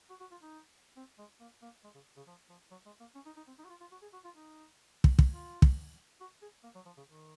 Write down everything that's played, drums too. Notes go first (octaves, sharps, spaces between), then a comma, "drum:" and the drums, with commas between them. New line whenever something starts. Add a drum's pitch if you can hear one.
F#4
F#4
F4
D#4
C4
G#3
A#3
A#3
G#3
C#3
C#3
F3
F3
F#3
G#3
A#3
C#4
D#4
D#4
C4
D#4
F#4
F4
F4
F#4
G#4
F#4
F4
D#4
drum: kick
drum: kick
F4
drum: kick
F#4
G#4
A#3
F#3
F3
C#3
D#3